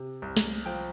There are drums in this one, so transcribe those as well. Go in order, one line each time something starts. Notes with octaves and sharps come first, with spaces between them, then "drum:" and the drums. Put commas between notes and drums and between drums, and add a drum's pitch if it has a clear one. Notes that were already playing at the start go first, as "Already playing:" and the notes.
Already playing: C3
C2
drum: snare
F3 G5